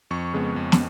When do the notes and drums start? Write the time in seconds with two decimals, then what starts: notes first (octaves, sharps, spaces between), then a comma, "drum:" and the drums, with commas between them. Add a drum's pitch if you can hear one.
0.11 F2 C#6
0.33 C#3 G#3 B3
0.56 F2
0.72 drum: snare